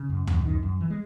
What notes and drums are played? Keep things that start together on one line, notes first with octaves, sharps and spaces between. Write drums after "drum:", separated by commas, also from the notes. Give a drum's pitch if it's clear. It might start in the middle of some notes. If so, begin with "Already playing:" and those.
Already playing: C#3
F#2
F#2, drum: tom D2
F#2 D#3
F#2
E3
G#3